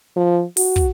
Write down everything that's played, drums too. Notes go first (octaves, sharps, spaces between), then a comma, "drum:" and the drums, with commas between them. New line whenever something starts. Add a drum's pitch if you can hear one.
F3
F#4, drum: open hi-hat
drum: kick